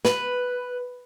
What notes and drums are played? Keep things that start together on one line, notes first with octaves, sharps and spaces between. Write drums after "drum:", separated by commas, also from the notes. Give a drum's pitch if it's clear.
B4, drum: snare